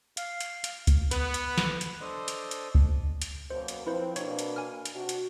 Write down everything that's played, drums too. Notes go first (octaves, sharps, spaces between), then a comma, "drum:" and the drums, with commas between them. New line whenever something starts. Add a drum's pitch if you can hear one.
F5, drum: hi-hat
drum: hi-hat
drum: hi-hat
drum: kick C#2, hi-hat
B3 B4, drum: hi-hat
drum: hi-hat
drum: snare
drum: hi-hat
D4 A4 C5 D#5 C6 D#6
drum: hi-hat
drum: hi-hat
drum: kick C#2
drum: hi-hat
F#2 B2 A#3 C5
drum: hi-hat
F3 C4 E4 B4 C5
B2 A#3 D4 C#5 C#6, drum: hi-hat
drum: hi-hat
G#5 F6
drum: hi-hat
C3 D4 F#4
drum: hi-hat